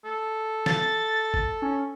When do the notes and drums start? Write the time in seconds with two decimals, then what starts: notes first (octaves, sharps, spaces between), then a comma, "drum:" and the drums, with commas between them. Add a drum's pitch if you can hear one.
0.05 A4
0.66 A6, drum: snare E3
1.34 drum: kick G#1
1.62 C#4